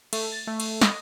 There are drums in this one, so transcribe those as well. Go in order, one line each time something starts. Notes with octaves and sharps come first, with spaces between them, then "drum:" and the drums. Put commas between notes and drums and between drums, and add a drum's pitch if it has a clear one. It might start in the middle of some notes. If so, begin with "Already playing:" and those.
A3, drum: cymbal
A6
A3
drum: cymbal
D#5, drum: snare